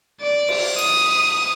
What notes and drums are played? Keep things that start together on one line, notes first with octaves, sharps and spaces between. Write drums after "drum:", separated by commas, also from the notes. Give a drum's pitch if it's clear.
D5
drum: cymbal
D#6, drum: cymbal